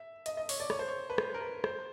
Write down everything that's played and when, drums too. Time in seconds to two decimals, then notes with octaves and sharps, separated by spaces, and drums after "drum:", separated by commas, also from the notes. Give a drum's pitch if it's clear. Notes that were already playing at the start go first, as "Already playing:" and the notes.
Already playing: E5
0.26 D#5, drum: hi-hat
0.37 D#5
0.49 C#5, drum: open hi-hat
0.60 D5
0.70 C#5, drum: rim click
0.79 C5
0.88 C#5
1.10 B4
1.18 C5, drum: rim click
1.34 A#4
1.41 B4
1.64 C5, drum: rim click